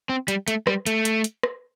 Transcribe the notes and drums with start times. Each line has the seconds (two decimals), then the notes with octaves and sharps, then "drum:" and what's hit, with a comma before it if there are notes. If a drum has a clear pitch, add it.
0.09 C4
0.28 G3, drum: hi-hat
0.48 A3, drum: hi-hat
0.67 G3, drum: rim click
0.87 A3, drum: hi-hat
1.05 drum: hi-hat
1.24 drum: hi-hat
1.43 drum: rim click